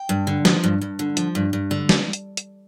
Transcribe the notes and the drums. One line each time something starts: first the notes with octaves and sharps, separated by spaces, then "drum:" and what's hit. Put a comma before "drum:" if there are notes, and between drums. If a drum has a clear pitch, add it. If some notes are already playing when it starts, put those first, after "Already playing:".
Already playing: G5
G2
D3
F3, drum: snare
G2
G2
D3
F3, drum: hi-hat
G2
G2
D3
drum: snare
drum: hi-hat
drum: hi-hat